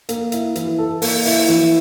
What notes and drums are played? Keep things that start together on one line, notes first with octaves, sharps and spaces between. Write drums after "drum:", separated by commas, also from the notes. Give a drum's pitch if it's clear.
A#3, drum: hi-hat
E4, drum: hi-hat
E3, drum: hi-hat
A4
A#3, drum: open hi-hat
E4, drum: open hi-hat
E3, drum: hi-hat